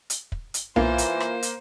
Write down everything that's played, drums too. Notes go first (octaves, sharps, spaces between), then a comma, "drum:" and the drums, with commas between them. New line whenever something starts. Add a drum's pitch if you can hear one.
drum: hi-hat
drum: kick
drum: hi-hat
E3 A#3 F4 C5, drum: tom B1
drum: hi-hat
drum: rim click
drum: hi-hat